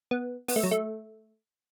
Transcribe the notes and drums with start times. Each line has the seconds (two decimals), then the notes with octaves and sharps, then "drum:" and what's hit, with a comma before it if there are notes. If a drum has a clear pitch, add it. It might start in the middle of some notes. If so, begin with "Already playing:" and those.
0.11 B3
0.48 B3, drum: open hi-hat
0.56 A3
0.63 F#3
0.71 A3